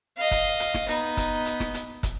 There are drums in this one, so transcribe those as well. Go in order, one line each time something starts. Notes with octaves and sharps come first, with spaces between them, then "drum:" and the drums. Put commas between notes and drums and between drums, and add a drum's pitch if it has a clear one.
D#5 F5
drum: kick, hi-hat
drum: hi-hat
drum: snare
B3 D#4, drum: hi-hat
drum: kick, hi-hat
drum: hi-hat
drum: snare
drum: hi-hat
drum: kick, hi-hat